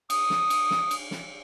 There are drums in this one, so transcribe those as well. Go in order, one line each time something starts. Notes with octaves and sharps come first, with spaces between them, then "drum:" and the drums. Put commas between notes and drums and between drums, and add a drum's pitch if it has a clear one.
D#6, drum: cymbal
drum: snare
drum: cymbal
drum: snare
drum: cymbal
drum: snare